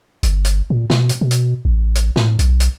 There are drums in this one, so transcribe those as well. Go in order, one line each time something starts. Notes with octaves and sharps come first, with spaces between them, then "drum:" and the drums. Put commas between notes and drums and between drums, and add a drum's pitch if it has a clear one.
G1, drum: hi-hat
drum: hi-hat
A#2
B2, drum: snare
drum: hi-hat
B2
drum: hi-hat
A1
drum: hi-hat
A2, drum: snare
B1, drum: hi-hat
drum: hi-hat